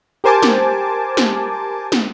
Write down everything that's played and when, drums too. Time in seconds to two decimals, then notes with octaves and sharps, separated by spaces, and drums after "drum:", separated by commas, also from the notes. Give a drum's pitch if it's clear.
0.24 G4 A#4 C5 G#5 A5 D6
0.43 drum: snare
1.17 drum: snare
1.92 drum: snare